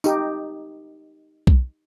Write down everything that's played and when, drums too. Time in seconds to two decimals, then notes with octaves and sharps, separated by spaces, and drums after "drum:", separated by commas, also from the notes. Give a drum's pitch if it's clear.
0.04 D#4 G4, drum: tambourine
1.47 drum: kick B1